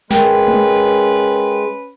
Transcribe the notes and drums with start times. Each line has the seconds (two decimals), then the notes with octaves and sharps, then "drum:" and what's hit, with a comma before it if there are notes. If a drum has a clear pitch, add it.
0.11 G#3 C#4 A#4 B4 G5, drum: snare
0.48 drum: tom G#3